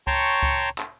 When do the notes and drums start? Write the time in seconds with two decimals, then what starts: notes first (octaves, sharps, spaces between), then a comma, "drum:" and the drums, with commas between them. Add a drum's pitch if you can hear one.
0.07 C#5 G5 A5 A#5 C6 C#6, drum: kick C#2
0.43 drum: kick C#2
0.78 drum: clap